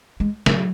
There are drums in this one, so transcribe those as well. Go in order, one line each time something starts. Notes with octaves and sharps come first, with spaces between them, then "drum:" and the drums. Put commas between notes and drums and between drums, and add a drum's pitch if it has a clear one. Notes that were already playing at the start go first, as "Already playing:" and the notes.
G#3
F#3, drum: snare